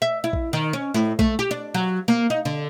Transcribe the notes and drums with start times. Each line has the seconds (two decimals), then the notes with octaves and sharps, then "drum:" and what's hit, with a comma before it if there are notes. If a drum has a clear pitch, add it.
0.02 E5
0.24 E4
0.33 drum: kick A#1
0.53 D#3
0.73 C#4
0.94 A2
1.19 A3, drum: kick A#1
1.39 G4
1.51 D4
1.74 F#3
2.08 A#3
2.30 D#4
2.45 D3